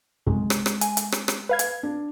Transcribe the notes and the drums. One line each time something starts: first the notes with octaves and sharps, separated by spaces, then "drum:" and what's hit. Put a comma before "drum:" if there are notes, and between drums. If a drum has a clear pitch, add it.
B1 F#2 C3 G#3
drum: rim click
drum: rim click
G#5, drum: hi-hat
drum: hi-hat
drum: rim click
drum: rim click
B4 F5 G#6
drum: hi-hat
D4